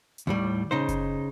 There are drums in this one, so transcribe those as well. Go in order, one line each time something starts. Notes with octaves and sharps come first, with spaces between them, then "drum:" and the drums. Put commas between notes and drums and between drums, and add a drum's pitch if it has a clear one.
drum: hi-hat
D#2 A2 G3
C#3 D#4 C5
drum: kick F#1, hi-hat